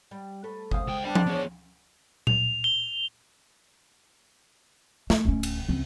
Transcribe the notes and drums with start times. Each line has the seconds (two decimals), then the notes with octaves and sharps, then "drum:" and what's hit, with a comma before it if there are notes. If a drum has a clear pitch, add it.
0.11 G3
0.44 A3 A4 B4
0.71 G#3 C5 F5 D#6, drum: kick G1
0.87 C#2 G5
1.04 D3 B3 D4 D5 G5
1.15 drum: tom F3
1.26 B3 C#4 G#4 C#5
2.27 F7, drum: tom A#2
2.64 G7
5.10 A3, drum: snare
5.25 D1 C#4
5.43 drum: cymbal
5.69 C#2 C4